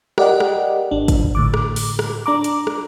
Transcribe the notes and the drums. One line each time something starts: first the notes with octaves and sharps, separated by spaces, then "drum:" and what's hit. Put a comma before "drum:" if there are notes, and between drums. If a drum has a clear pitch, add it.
G4 A#4 D5 D#5 F#5, drum: rim click
drum: rim click
G#1 D4
drum: kick, hi-hat
A2 D3 D6
drum: rim click
drum: open hi-hat
drum: rim click
D4 A#5 D6
drum: hi-hat
drum: rim click